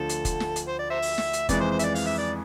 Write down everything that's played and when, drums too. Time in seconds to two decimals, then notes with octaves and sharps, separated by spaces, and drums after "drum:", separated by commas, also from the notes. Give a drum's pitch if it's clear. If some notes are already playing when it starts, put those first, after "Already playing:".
Already playing: D2 D3 F3 A4
0.09 drum: hi-hat
0.25 drum: kick F1, hi-hat
0.40 drum: snare
0.56 drum: hi-hat
0.68 C5
0.79 D5
0.90 C5 E5
1.02 drum: open hi-hat
1.18 drum: snare
1.33 drum: hi-hat
1.49 F2 E3 G#3 D5, drum: kick F1, hi-hat
1.60 C5
1.71 C5
1.79 E5, drum: hi-hat
1.84 D5
1.95 F5, drum: open hi-hat
2.07 E5
2.18 D5